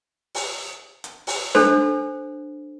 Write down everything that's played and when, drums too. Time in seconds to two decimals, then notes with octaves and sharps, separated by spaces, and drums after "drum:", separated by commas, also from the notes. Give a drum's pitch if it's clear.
0.35 drum: open hi-hat
1.04 drum: hi-hat
1.27 drum: open hi-hat
1.55 D4 A4 C5, drum: snare